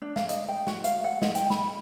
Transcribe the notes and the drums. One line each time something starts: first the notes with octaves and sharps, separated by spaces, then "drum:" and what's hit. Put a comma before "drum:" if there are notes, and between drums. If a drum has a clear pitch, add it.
D4
F5, drum: snare
D#5, drum: hi-hat
G5
F#4, drum: snare
F5, drum: hi-hat
F#5
D#5, drum: snare
G5, drum: hi-hat
B5, drum: snare